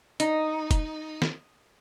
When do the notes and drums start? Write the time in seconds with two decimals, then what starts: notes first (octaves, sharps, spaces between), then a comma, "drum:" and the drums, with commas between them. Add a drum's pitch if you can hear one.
0.20 D#4, drum: hi-hat
0.71 drum: kick F1, hi-hat
1.22 drum: snare